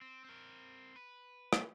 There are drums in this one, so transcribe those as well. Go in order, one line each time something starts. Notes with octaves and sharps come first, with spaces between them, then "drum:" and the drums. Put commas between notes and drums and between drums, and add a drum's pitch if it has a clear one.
C4
C4 A#4
B4
drum: rim click